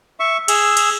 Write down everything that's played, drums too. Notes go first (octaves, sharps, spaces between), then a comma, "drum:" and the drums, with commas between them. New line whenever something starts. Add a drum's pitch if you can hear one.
E5 C#6
G#4 E6, drum: cymbal
drum: cymbal